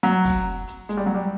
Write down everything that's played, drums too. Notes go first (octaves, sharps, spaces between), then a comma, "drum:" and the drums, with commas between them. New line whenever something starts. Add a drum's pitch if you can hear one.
F#3, drum: hi-hat
drum: kick, open hi-hat
drum: hi-hat
G#3, drum: hi-hat
G3
F#3
G3